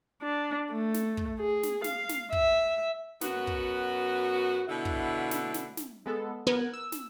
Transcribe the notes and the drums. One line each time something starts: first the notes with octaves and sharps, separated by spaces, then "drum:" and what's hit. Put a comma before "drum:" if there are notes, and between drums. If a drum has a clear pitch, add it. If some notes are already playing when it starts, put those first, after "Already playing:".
D4
A3
drum: snare
drum: kick
G#4
drum: snare
F5, drum: snare
drum: snare
E5, drum: kick
F#2 B3 F#4, drum: snare
drum: kick
B2 D3 E4
drum: kick
drum: snare
drum: snare
drum: snare
G#3 B3 A4
B3 A#4 F#6 G#6
E6
drum: snare